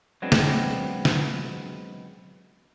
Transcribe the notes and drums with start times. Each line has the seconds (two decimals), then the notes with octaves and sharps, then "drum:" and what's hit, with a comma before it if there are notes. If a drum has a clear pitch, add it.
0.22 F#3 G#3 B3 C4 D4
0.32 drum: snare
1.05 drum: snare